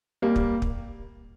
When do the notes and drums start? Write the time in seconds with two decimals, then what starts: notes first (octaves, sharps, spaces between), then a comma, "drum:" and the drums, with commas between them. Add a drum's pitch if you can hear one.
0.22 G3 A#3
0.36 drum: kick
0.62 drum: kick